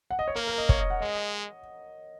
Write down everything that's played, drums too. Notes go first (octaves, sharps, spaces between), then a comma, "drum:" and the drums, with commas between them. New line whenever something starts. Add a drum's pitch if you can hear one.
F#5
D#5
C#5
A#3 A#4
A#4
D#5
C#5, drum: kick
D#5
F#5
G#3 D#5